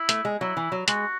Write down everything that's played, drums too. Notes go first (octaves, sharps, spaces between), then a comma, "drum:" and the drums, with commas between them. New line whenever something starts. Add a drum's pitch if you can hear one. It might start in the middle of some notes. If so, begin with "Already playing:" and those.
Already playing: E4
A3, drum: hi-hat
G#3
F#3 E4
E3
F#3
G#3 F#4, drum: hi-hat